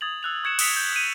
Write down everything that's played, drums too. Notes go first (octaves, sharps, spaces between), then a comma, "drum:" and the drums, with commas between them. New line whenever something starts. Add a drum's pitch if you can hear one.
D#6 G#6 A6 F7 F#7
E6 F#6 F7
C#6 G#6 C#7 E7 F#7
D#6 E6 B6 C#7 F7, drum: cymbal
G6
D#6 D#7